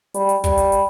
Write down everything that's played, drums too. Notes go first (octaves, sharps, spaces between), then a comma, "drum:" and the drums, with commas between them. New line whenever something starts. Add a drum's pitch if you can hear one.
G3, drum: hi-hat
drum: hi-hat
G3, drum: kick, hi-hat
drum: hi-hat
drum: hi-hat